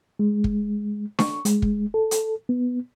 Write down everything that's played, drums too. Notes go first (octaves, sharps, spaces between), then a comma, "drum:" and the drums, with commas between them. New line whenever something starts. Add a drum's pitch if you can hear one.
G#3
drum: kick
C#6, drum: snare D4
G#3, drum: hi-hat
drum: kick
A4
drum: hi-hat
B3